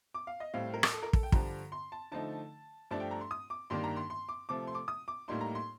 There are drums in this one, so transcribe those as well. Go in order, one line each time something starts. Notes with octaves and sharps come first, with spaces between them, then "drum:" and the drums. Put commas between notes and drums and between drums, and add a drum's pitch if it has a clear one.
D6
F5
D#5
A2 G3 C4 F5
A#4
drum: rim click
A4
A#4
A4, drum: kick
G5
G2 D3 F3 A#5, drum: kick
C6
A5
D3 F3 A3 D#4 A5
G2 F3 A3 D4 A5
G5
A#5
C6
D#6
D6
G2 D#3 A#3 D4 C6
A#5
C6
C6
D6
C3 F3 A3 D6
C6
D6
D#6
D6
A2 G3 A#3 D#4 C6
A#5
C6